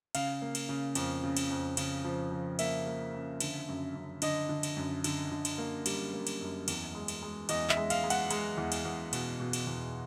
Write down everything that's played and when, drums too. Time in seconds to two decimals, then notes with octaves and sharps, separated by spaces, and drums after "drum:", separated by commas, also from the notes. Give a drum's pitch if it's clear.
0.15 C#3 F5, drum: cymbal
0.42 A#3
0.55 drum: cymbal
0.69 C#3
0.95 F2, drum: cymbal
1.24 C#3
1.37 drum: cymbal
1.50 F2
1.77 C#3, drum: cymbal
2.04 F3
2.31 F3
2.59 A#3 E5, drum: cymbal
2.87 A#3
3.14 C#3
3.40 D3, drum: cymbal
3.69 F#2
3.95 F#2
4.22 D3 D#5, drum: cymbal
4.49 D3
4.63 drum: cymbal
4.77 F#2
5.04 D3, drum: cymbal
5.31 D3
5.45 drum: cymbal
5.58 A#3
5.86 G3, drum: cymbal
6.14 A#3
6.27 drum: cymbal
6.41 F#2
6.68 E2, drum: cymbal
6.95 G#3
7.08 drum: cymbal
7.22 G#3
7.49 E2 D#5, drum: cymbal
7.69 E5, drum: clap
7.77 G#3
7.90 F5, drum: cymbal
8.04 G#3
8.10 F#5, drum: cymbal
8.31 G#3, drum: cymbal
8.57 E2
8.72 drum: cymbal
8.85 E2
9.13 B2, drum: cymbal
9.40 B2
9.53 drum: cymbal
9.67 E2